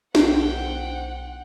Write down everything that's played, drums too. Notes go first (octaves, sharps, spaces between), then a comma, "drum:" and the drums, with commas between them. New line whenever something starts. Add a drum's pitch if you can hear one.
B1 C5 F#5 G5, drum: snare